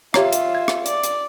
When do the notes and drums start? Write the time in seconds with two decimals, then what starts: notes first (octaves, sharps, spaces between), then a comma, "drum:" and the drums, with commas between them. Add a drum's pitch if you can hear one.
0.14 F4 G4 C#5 E5 A#5, drum: rim click
0.33 drum: hi-hat
0.55 G#6
0.68 drum: rim click
0.86 D5, drum: hi-hat
1.03 drum: hi-hat